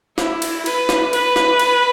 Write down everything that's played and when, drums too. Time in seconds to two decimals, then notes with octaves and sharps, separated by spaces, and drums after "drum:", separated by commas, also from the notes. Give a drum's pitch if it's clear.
0.18 E4, drum: snare
0.42 drum: cymbal
0.66 B4, drum: cymbal
0.89 drum: snare
1.13 B4, drum: cymbal
1.36 drum: snare
1.59 drum: cymbal